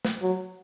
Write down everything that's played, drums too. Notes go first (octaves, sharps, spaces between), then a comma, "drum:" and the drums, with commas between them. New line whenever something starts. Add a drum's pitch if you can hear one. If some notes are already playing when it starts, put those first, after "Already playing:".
drum: snare
F#3